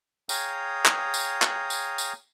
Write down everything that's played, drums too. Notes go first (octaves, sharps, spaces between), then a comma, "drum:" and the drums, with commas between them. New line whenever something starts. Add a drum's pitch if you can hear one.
G#4 C#5 F5 G5 A#5 D#6, drum: tambourine
drum: clap
drum: tambourine
drum: clap
drum: tambourine
drum: tambourine